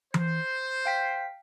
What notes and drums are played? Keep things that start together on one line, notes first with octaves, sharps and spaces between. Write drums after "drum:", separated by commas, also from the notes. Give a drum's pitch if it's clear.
C5, drum: tom E3
F5 G5 B6